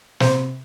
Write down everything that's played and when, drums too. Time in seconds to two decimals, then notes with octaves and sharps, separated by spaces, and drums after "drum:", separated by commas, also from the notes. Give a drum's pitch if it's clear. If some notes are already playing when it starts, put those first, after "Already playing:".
0.20 C3 C5, drum: snare